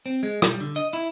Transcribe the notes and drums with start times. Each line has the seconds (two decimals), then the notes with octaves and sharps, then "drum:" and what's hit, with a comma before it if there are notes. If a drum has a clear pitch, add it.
0.06 C4
0.23 G#3
0.42 G3, drum: rim click
0.60 D3
0.76 D#5
0.93 E4